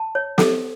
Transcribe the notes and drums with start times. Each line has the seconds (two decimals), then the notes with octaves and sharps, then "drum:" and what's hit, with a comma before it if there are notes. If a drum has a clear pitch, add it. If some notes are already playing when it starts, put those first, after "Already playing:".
Already playing: A5
0.15 C#5
0.38 A4, drum: snare